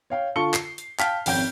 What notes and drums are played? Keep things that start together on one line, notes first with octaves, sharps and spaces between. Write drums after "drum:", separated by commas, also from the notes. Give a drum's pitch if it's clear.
C#5 F5 G5
D3 F4 A5 C#6 C#7 G7
C7, drum: clap
drum: hi-hat
F5 G5 A5 F6 B6, drum: clap
G#1 F2 C#4 G5 G6 D7, drum: open hi-hat